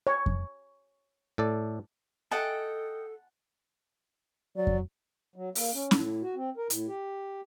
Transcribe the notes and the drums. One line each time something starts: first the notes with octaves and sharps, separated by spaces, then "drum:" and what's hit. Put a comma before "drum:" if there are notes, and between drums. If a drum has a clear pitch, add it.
C#5
drum: kick F2
A2 A4 D5
A4 D#5 F#5 G5 A5
F#3 D5
drum: kick F2
F#3
A#3, drum: open hi-hat
C#4
A2, drum: snare
F#4
C4
A#4
A2, drum: hi-hat
G4